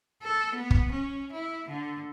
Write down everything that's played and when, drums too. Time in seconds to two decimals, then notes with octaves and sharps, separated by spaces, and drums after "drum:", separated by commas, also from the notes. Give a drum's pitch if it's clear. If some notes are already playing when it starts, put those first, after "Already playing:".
0.23 A4
0.55 B3
0.71 drum: kick
0.91 C#4
1.32 E4
1.68 D3